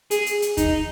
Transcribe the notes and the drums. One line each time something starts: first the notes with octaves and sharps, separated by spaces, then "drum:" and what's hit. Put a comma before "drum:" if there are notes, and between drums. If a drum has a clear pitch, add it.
G#4, drum: hi-hat
drum: hi-hat
drum: hi-hat
D#4, drum: kick D#2, hi-hat